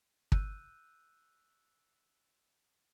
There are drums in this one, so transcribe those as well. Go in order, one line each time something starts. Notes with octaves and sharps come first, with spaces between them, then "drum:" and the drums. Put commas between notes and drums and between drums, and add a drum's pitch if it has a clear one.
E6 F#6 G6 D#7, drum: kick